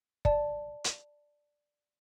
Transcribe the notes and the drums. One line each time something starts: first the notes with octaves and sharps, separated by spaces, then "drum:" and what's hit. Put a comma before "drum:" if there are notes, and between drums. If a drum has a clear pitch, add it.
D5 A5, drum: kick
drum: hi-hat